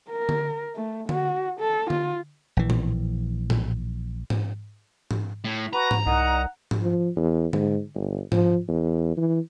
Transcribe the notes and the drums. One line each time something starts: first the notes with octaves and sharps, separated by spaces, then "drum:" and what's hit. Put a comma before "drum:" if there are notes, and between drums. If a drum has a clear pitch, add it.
A#4
drum: tom D3
A3
F#4, drum: tom D3
A4
F4, drum: tom D3
A#1 E3
drum: tom A2
drum: tom A2
drum: tom G#2
drum: tom G#2
A2
F#4 B4 A#5
drum: tom G#2
C2 D#4 F#5
drum: tom G#2
F3
E2
G#2, drum: tom D3
G1
F3, drum: tom G#2
E2
E3